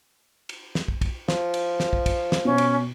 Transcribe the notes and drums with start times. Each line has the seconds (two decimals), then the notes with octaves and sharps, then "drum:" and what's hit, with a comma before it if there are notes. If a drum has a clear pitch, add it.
0.49 drum: cymbal
0.75 drum: snare
0.88 drum: kick
1.01 drum: kick, cymbal
1.28 F3, drum: snare
1.54 drum: cymbal
1.80 drum: snare
1.93 drum: kick
2.06 drum: kick, cymbal
2.32 drum: snare
2.45 B2 C#4
2.58 drum: cymbal